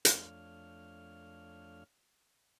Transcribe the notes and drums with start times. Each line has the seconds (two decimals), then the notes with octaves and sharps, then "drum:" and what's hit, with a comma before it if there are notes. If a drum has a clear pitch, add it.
0.05 F2 A3 D4 C#5 F5 F6, drum: hi-hat